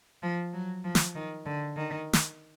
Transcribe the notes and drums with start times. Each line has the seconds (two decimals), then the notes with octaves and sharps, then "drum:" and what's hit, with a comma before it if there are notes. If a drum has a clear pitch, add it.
0.23 F3
0.53 F#3
0.84 F3
0.95 drum: snare
1.15 D#3
1.46 D3
1.76 D#3
2.13 drum: snare